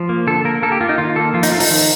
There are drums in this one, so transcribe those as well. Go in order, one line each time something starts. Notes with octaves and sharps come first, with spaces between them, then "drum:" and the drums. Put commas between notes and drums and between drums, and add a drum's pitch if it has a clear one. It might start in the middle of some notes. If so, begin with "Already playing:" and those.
Already playing: F3
A#3
D3 A4
A#3 A#4
A#3 A4
G4
A#3 F4
D#4
D#3 F4
A#3 A4
F3 F4
D#4, drum: hi-hat
A3 F4
D#4, drum: open hi-hat
D#3